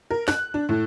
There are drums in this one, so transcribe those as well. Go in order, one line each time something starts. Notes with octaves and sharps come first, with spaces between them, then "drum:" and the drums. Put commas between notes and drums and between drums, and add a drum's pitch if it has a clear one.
A#4
F#6, drum: snare
D4
A2